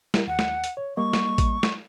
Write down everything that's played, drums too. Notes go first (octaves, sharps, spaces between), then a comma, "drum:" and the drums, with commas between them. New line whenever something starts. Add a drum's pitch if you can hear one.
G3 E4 A#4, drum: snare
D#2 F#5
drum: snare
drum: hi-hat
C#5
G3 A#3 D#5 C#6
drum: snare
drum: kick A1, hi-hat
drum: snare